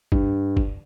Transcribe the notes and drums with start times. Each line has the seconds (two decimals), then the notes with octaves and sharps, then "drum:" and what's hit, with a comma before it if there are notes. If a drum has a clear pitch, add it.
0.12 G2, drum: kick
0.57 drum: kick